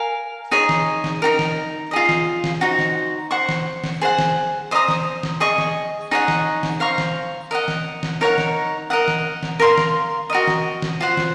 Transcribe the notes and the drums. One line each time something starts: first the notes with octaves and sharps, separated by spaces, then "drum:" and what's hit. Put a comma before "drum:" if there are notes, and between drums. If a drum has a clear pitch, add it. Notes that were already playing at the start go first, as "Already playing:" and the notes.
Already playing: A#4 F5 G#5
D#4 G#4 C#5
drum: snare
drum: snare
D#4 F#4 A#4
drum: snare
F4 G#4 D#5
drum: snare
drum: snare
D#4 F#4 C5
drum: snare
C5 F#5 C#6
drum: snare
drum: snare
G#4 C5 F#5
drum: snare
C5 D#5 A#5 D#6
drum: snare
drum: snare
G#4 D#5 G#5 C#6
drum: snare
D#4 G#4 C#5 F#5
drum: snare
drum: snare
C5 F5 A#5 C#6
drum: snare
A#4 D#5 F#5
drum: snare
drum: snare
D#4 A#4 C#5 F#5
drum: snare
A#4 D#5 F#5
drum: snare
drum: snare
A#4 F5 C6
drum: snare
F#4 A#4 D#5
drum: snare
drum: snare
F4 C5 F#5
drum: snare